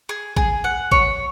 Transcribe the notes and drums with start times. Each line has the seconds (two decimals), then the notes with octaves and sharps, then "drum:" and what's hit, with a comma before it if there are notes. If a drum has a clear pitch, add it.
0.09 G#4
0.36 G#4, drum: kick A1
0.64 F#5
0.92 C#5, drum: kick A1